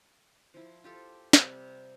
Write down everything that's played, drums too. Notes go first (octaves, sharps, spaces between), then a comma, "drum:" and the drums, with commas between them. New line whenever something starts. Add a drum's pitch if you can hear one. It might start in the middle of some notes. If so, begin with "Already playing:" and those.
F3 E4
F4 G4 A4
C3 G3, drum: snare